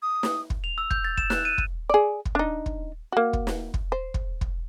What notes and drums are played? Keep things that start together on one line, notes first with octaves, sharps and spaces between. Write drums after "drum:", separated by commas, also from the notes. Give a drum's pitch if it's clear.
D#6
drum: snare
drum: kick
F7
E6
G6, drum: kick
A6
E7, drum: kick
F#6, drum: snare
D#7
drum: kick
G#4 D5
drum: kick
D4 D#4
drum: kick
A#3 F#4
drum: kick
drum: snare
drum: kick
C5
drum: kick
drum: kick